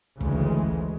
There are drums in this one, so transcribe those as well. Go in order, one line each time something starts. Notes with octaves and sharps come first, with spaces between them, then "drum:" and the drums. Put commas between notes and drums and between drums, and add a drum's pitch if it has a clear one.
D2 C#3 E3 G#3, drum: kick